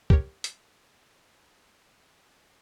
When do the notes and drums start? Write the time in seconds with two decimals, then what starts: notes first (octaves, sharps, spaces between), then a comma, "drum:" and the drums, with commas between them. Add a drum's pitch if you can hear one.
0.10 G4 A#4 C#5, drum: kick
0.44 drum: hi-hat